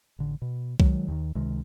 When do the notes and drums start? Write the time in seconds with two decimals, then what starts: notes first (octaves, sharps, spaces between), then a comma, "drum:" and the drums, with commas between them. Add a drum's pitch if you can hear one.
0.19 A1 D3
0.42 B2
0.80 D#3 F#3 G#3, drum: kick
1.08 D#2 D#3
1.35 C#2 C3 D#3 G#3